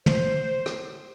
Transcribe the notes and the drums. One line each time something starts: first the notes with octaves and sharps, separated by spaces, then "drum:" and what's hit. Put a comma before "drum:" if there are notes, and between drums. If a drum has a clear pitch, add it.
C5, drum: tom
drum: rim click